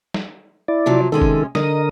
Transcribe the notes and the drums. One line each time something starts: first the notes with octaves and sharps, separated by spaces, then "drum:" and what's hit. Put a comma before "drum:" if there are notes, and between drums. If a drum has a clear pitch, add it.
drum: snare
E4 D5
C3 F3 F#3
C3 D#3 G#3 C#4 A4
drum: kick F#1
D3 A#4 D#5 D#6, drum: snare